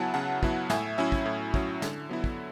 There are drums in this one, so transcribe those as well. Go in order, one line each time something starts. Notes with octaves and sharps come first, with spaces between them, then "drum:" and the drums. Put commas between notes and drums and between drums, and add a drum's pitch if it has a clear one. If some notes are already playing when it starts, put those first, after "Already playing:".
Already playing: C#3 F#3 B3 E4 E5 F#5 G#5 A5
C#3 F#5 A5
F#3 B3 E4, drum: kick
A2 E5 G#5, drum: snare
F#3 C#4 E4 E5 G#5
drum: kick
A2
F#3 C#4 E4, drum: kick
D3, drum: snare
F#3 B3 E4
drum: kick